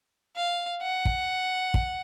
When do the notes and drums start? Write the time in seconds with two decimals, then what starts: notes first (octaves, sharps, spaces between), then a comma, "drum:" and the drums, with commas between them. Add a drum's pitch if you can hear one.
0.37 F5
0.83 F#5
1.05 drum: kick
1.74 drum: kick